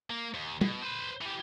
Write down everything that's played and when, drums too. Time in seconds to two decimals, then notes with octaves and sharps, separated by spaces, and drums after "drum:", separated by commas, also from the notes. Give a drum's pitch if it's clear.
0.10 A#3
0.34 D#2
0.61 B2, drum: tom
0.82 B4 C5
1.21 E3 G4